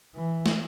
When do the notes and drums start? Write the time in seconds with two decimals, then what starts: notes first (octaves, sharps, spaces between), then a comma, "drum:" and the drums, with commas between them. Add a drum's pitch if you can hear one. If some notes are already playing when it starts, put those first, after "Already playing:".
0.15 E3
0.46 drum: snare